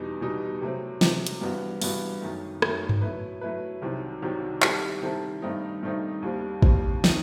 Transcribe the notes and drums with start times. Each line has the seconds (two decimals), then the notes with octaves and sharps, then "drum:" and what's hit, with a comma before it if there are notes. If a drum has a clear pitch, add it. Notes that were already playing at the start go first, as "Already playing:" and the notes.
Already playing: E2 B2 G3 D#4
0.21 E2 B2 G3 D#4
0.61 C3 F#3 A3 C4
1.01 C3 F#3 A3 C4, drum: snare
1.27 drum: hi-hat
1.41 G2 E3 B3 F#4
1.82 G2 E3 B3 F#4, drum: open hi-hat
2.21 F#2 D#3 A3
2.62 F#2 D#3 A3, drum: rim click
2.89 drum: tom G2
3.01 F#3 A3 E4 B4
3.41 F#3 A3 E4 B4
3.82 C2 C3 D#3 F#3 C4
4.22 C2 C3 D#3 F#3 C4
4.62 D#3 G3 C4 E4 A4, drum: clap
5.02 D#3 G3 C4 E4 A4
5.42 G2 D#3 A3 C4 D#4
5.83 G2 D#3 A3 C4 D#4
6.22 D#2 D#3 G3 C4
6.62 D#2 D#3 G3 C4, drum: kick
7.04 D#3 A3 D#4, drum: snare